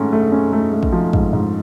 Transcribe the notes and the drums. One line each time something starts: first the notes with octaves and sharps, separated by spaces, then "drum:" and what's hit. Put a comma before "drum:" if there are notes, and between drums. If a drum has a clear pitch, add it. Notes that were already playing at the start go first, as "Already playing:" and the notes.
Already playing: G#2 A3 C#4
A3
C#4
A3
A3
drum: kick
F3
G#2, drum: kick
G#2